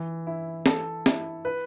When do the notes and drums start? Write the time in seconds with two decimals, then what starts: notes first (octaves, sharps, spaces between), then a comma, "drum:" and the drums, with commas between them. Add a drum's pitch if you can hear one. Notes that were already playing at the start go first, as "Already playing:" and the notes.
Already playing: E3
0.27 E4
0.66 A4, drum: snare
1.06 E4, drum: snare
1.45 B4